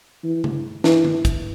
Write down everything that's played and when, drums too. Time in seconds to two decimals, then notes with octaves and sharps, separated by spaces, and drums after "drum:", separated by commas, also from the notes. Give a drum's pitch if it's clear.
0.24 E3
0.44 drum: tom C#3
0.84 E3, drum: snare
1.05 drum: tom D#3
1.25 drum: kick, hi-hat